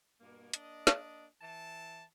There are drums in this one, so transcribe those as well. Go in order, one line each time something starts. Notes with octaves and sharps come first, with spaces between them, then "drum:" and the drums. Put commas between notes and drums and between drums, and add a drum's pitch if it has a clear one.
G2 B2 A#3
A#3 D4 D#5, drum: hi-hat
drum: snare
E3 A5